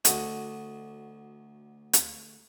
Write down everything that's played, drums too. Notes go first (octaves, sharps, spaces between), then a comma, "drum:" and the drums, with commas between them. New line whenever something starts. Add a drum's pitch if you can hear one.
D2 F#4 A4 D#5, drum: hi-hat
drum: hi-hat